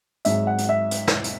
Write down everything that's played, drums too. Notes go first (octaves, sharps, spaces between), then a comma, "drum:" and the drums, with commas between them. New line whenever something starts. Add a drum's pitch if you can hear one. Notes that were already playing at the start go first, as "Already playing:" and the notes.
G#1 G#2 F#3 E5, drum: hi-hat
F#5
drum: hi-hat
E5
drum: hi-hat
drum: snare
drum: hi-hat